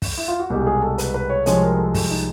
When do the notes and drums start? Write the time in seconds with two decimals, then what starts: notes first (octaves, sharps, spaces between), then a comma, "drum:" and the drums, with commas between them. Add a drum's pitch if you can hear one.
0.02 drum: kick, open hi-hat
0.18 E4
0.28 F4
0.40 F#4
0.50 C2 B2 G#3 G4
0.67 G#4
0.82 A4
0.98 B4, drum: hi-hat
1.14 B4
1.30 C#5
1.46 C2 C3 F3 G#3 C#5, drum: hi-hat
1.62 A#4
1.79 A4
1.94 A4, drum: kick, open hi-hat
2.10 D#4